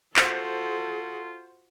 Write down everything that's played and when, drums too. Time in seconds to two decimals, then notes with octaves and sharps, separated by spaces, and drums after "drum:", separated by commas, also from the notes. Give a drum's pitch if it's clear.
0.16 F4 F#4 A4 C5, drum: clap